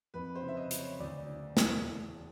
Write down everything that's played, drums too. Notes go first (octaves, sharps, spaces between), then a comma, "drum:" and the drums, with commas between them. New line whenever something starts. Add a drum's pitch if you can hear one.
F2 B4
C5
C#3
E5
D#5
F#3, drum: hi-hat
C#5
D2 D5
C#3
E3, drum: snare
E1